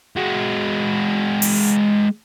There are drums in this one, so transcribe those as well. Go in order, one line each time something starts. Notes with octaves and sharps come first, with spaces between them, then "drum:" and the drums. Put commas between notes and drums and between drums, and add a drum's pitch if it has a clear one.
G#3 F#4
drum: open hi-hat